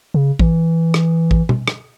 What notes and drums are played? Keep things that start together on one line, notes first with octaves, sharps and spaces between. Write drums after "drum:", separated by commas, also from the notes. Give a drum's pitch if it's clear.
C#3
E3, drum: kick A1
drum: rim click
drum: kick A1
drum: tom B2
drum: rim click